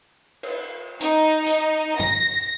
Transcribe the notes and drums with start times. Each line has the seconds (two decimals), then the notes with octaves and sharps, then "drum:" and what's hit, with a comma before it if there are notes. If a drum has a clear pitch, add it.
0.43 drum: cymbal
1.01 D#4, drum: hi-hat
1.46 drum: hi-hat
2.00 A#6, drum: tom G2